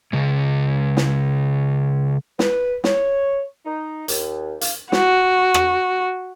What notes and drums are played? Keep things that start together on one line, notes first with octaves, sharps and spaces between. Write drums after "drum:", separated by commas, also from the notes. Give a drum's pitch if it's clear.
C#3 G#3
drum: snare
B4, drum: snare
C#5, drum: snare
D#4
D#2, drum: hi-hat
F5, drum: hi-hat
F#4, drum: snare
drum: rim click